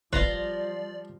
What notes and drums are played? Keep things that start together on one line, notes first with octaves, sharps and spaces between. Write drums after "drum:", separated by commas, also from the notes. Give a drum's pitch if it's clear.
F3 G3 B4 D5 F5 A#5 C6, drum: kick